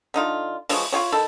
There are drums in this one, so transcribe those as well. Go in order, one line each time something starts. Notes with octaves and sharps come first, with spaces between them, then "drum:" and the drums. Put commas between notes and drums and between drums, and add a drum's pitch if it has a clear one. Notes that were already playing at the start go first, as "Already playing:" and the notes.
D3 D#4 F4
E3 F3 G#3 C#5, drum: open hi-hat
E4 F4 G4 C#5
D#3 E4 A4